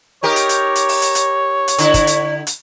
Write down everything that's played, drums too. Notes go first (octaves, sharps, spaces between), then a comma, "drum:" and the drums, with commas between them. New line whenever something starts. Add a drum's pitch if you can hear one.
D#4 G4 A#4 C#5
drum: hi-hat
drum: hi-hat
drum: hi-hat
drum: open hi-hat
drum: hi-hat
drum: hi-hat
drum: hi-hat
D3 E4, drum: hi-hat
drum: kick, hi-hat
drum: hi-hat
drum: hi-hat